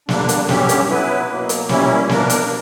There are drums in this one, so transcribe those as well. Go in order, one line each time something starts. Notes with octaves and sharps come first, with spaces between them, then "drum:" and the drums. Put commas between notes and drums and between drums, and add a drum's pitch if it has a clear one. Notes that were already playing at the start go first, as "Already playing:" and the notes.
E2 D3 G3 A#3 D4, drum: snare
drum: hi-hat
G2 D3 F#3 C#4 G4, drum: snare
drum: hi-hat
F#3 B3 E4 B4
B2 F#3 A#3
drum: hi-hat
A#2 G3 A#3 C#4 E4, drum: snare
B2 A#3 D4 A#4, drum: snare
drum: hi-hat